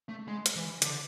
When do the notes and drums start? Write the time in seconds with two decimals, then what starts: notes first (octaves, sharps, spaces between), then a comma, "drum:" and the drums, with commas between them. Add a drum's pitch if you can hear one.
0.09 A3
0.28 G#3
0.46 drum: hi-hat
0.55 E3
0.82 D3, drum: hi-hat